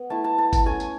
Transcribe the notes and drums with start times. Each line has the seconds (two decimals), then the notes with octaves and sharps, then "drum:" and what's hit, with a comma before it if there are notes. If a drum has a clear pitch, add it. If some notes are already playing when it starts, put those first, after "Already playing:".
Already playing: B3
0.10 A3 E4 A5
0.24 A5
0.38 A5
0.53 A5, drum: kick G#1, tambourine
0.66 A3 C#4 E4 G#5
0.80 drum: tambourine